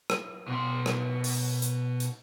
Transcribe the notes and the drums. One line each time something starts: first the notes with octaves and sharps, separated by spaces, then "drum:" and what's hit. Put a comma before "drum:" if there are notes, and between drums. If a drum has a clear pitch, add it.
drum: rim click
B2 C6
drum: rim click
drum: open hi-hat
drum: hi-hat
drum: hi-hat